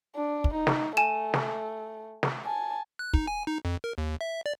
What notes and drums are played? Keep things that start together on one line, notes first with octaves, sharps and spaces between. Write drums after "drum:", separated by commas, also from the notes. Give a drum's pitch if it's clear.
D4
drum: kick
D#4
drum: snare
A3 G#5 E7
drum: snare
drum: snare
G#5 A5
F#6
D#4, drum: kick
G#5
D#4
F2
A#4
D#2
E5
D5